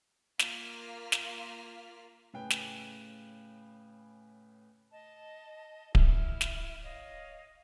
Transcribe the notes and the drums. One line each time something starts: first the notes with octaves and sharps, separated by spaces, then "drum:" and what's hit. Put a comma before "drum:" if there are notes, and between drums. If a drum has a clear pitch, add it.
A#3 F4 F6 B6, drum: snare
drum: snare
A2 C#3 B4 G5 G#5
drum: snare
D#5 A5
E4 F6, drum: kick D1
drum: snare
C#5 D#5 F5